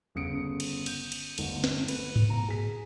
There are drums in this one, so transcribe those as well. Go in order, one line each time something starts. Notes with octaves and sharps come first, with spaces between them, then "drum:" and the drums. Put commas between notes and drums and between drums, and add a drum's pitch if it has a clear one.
G1 C#3 D#6 C#7 D7
drum: cymbal
G6, drum: cymbal
drum: cymbal
G1 D2 D#4, drum: cymbal
drum: snare
B4, drum: cymbal
drum: tom G#2
B2 A#5
G#4 B6